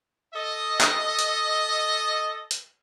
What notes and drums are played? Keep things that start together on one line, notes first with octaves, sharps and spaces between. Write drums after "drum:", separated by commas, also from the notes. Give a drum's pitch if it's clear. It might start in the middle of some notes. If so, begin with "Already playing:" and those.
A4 D#5
drum: clap
drum: hi-hat
drum: hi-hat